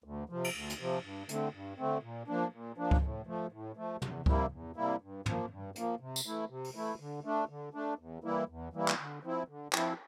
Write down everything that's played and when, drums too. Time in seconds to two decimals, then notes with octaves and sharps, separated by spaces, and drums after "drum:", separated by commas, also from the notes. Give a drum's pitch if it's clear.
0.04 D2
0.30 C3 F3
0.44 drum: cymbal
0.54 D2
0.70 drum: hi-hat
0.79 C3 F3
1.03 G2
1.29 D3 A3 C4, drum: hi-hat
1.53 G2
1.78 D3 A3 C4
2.03 A#2
2.28 F3 A#3 D4
2.52 A#2
2.78 F3 A#3 D4
2.91 drum: kick C#2
3.02 A2
3.27 F3 A3
3.52 A2
3.77 F3 A3
4.02 E2, drum: tom
4.26 C3 G3 A#3 E4, drum: kick C#2
4.52 E2
4.76 C3 G3 A#3 E4
5.01 G2
5.26 F3 A#3, drum: tom
5.50 G2
5.76 F3 A#3, drum: hi-hat
6.00 C3
6.16 drum: tambourine
6.25 E3 A3 E4
6.50 C3
6.64 drum: open hi-hat
6.75 E3 A3 E4
7.00 D3
7.25 A3 D4
7.49 D3
7.74 A3 D4
7.99 E2
8.24 E3 G3 A#3 E4
8.49 E2
8.73 E3 G3 A#3 E4
8.88 drum: clap
8.99 D3
9.23 F3 C4 E4
9.48 D3
9.73 F3 C4 E4, drum: clap